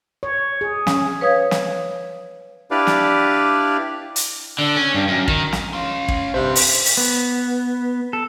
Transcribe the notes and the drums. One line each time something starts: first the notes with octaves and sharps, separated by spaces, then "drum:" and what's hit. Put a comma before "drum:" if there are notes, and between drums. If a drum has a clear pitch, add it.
C#5
G#4
C#4, drum: snare
B4 C#5 F5 D#6 G#6
drum: snare
D4 E4 G4 B4 D5 F5
drum: snare
drum: hi-hat
D3
C#4
G2
F#2
D#3, drum: kick
drum: snare
C#4 F5 C6
drum: kick
G2 C3 C5 E5 C6
drum: open hi-hat
drum: open hi-hat
B3
A4